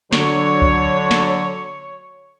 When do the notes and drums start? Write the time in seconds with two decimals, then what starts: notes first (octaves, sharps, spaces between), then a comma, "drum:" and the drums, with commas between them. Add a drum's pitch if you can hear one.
0.13 D3 F#3 C#5, drum: snare
0.62 drum: kick C#2
1.11 drum: snare